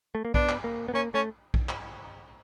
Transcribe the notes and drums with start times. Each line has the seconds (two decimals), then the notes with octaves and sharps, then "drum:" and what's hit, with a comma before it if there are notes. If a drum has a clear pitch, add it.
0.15 A3
0.25 A#3
0.34 B3 D4, drum: kick A#1
0.49 drum: clap
0.64 A#3
0.88 B3
0.94 A#3 C#4
1.14 A3 C#4
1.54 drum: kick A#1
1.69 drum: clap